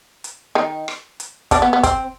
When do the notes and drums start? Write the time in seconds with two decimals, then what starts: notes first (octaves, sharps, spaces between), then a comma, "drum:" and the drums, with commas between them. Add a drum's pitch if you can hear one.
0.24 drum: hi-hat
0.55 D#3 D#4
0.88 drum: rim click
1.20 drum: hi-hat
1.51 D3 D4, drum: kick, hi-hat
1.62 B3
1.73 B3
1.83 C4, drum: kick, hi-hat